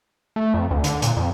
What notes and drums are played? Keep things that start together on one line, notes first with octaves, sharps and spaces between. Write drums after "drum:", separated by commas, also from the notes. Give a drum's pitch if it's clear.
A3
F2
D2
D3, drum: hi-hat
A#2, drum: hi-hat
F2